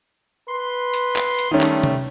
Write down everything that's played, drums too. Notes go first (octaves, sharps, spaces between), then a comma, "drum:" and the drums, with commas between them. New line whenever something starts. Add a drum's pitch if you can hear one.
B4 C6
drum: hi-hat
drum: clap
drum: hi-hat
D#3 G3 A3 C#4
drum: clap
drum: tom C3